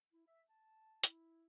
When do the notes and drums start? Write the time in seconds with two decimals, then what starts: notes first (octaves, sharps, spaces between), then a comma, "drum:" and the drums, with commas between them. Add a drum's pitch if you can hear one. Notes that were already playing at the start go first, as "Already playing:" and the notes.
0.13 E4
0.27 E5
0.50 A5
1.03 E4, drum: hi-hat